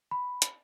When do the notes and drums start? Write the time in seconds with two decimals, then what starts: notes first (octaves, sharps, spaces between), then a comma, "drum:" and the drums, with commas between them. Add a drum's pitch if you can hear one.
0.11 B5
0.42 drum: hi-hat